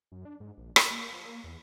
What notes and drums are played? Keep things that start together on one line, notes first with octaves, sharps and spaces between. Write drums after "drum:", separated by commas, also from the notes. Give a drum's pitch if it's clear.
F#2
D4
G#2
A#1
A#3, drum: rim click
A#3
F3
A#3
E2